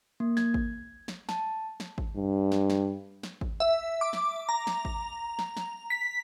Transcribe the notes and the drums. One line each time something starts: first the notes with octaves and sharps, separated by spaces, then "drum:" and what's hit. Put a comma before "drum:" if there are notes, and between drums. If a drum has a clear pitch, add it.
A#3
G#6, drum: snare
drum: kick G#1
drum: snare
A5, drum: snare
drum: snare
drum: kick G#1
G2
drum: snare
drum: snare
drum: snare
drum: kick G#1
E5
D6
drum: snare
A#5
drum: snare
drum: kick G#1
drum: snare
drum: snare
B6